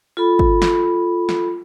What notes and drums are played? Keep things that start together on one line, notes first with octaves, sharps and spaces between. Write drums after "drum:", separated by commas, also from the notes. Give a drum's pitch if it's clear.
F4 A4 B5
drum: kick
drum: snare
drum: snare